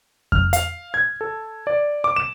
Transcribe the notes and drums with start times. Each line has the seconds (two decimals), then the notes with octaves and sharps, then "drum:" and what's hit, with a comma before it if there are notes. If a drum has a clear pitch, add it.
0.32 F6, drum: kick F2
0.53 F5, drum: hi-hat
0.94 G#6
1.21 A4
1.67 D5
2.04 D6
2.16 E7